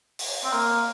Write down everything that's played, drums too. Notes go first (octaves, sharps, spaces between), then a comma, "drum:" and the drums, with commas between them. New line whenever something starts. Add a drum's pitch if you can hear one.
drum: open hi-hat
C4
A#3